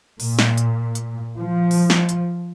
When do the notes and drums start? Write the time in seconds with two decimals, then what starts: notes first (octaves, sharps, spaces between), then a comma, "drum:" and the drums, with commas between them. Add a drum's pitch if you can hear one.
0.20 A#2, drum: open hi-hat
0.39 drum: snare
0.58 drum: hi-hat
0.95 drum: hi-hat
1.38 F3
1.71 drum: open hi-hat
1.90 drum: snare
2.09 drum: hi-hat